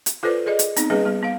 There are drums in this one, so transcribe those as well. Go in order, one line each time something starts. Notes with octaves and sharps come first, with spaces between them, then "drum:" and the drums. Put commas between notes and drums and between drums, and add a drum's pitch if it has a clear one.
drum: hi-hat
F4 A4 B4 C5 D5
G#4 A#4 D5 D#5
drum: hi-hat
B3 C4 D#4, drum: hi-hat
G3 A#3 C#4 G#4 B4 D#5
G3 B3
B3 F5